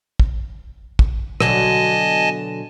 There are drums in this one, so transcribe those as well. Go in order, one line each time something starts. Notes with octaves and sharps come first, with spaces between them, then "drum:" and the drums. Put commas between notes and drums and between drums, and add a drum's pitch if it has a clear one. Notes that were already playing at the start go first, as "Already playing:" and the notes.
drum: kick
drum: kick
B2 D3 F#3 D#5 G#5 A5, drum: rim click